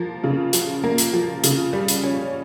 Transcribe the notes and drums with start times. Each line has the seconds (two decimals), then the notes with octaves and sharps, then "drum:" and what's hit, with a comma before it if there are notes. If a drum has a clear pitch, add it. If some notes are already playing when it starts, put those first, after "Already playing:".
Already playing: F3 A#3
0.24 C#3
0.53 F3, drum: hi-hat
0.84 A#3
0.98 drum: hi-hat
1.13 F3
1.44 C#3, drum: hi-hat
1.73 G3
1.88 drum: hi-hat
2.03 C#4